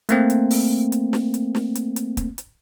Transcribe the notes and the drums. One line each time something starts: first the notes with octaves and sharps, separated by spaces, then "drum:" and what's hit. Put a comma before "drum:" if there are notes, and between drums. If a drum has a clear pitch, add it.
A3 A#3 C4, drum: hi-hat
drum: hi-hat
drum: open hi-hat
drum: hi-hat
drum: snare
drum: hi-hat
drum: snare
drum: hi-hat
drum: hi-hat
drum: kick, hi-hat
drum: hi-hat